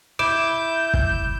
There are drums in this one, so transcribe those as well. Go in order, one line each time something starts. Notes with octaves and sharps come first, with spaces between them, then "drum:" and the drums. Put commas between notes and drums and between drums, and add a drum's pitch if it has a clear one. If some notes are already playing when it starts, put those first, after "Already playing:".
E4 D6 G6 E7
drum: kick